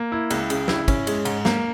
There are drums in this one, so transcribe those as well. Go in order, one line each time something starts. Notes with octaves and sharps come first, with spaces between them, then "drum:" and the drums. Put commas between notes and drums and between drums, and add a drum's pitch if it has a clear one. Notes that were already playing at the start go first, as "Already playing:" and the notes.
Already playing: A#3
E4
C#2, drum: cymbal
C#3, drum: cymbal
E4, drum: snare
C#4, drum: kick, cymbal
G#3, drum: cymbal
G#2, drum: cymbal
A#3, drum: snare